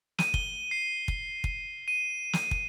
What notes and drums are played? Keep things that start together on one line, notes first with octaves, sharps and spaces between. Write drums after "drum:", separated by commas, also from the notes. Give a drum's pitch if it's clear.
D#7, drum: snare
G7, drum: kick
C7
drum: kick
drum: kick
D#7
drum: snare
drum: kick